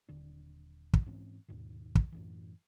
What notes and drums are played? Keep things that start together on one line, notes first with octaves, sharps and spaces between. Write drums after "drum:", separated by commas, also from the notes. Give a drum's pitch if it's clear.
D#1 D3 D4
drum: kick
G#2 E3 C4 C#4
D#2 G#2 B2 D#3
drum: kick
F#2 A2 E3